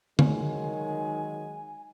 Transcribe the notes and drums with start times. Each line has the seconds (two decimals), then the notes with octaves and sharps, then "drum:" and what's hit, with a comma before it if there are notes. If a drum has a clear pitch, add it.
0.19 D#3 F#3 G#3 G#5, drum: tom